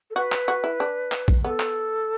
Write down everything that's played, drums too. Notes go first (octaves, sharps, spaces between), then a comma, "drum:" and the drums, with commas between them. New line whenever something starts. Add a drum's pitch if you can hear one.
A4
F#4 B4
drum: clap
F#4
E4
D4
drum: clap
drum: kick
B3 A4
drum: clap